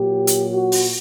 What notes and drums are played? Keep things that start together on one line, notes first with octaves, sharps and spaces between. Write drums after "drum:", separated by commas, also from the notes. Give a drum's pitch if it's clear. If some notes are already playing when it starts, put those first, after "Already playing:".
Already playing: A#2 F#3 G4
drum: hi-hat
F#4
drum: open hi-hat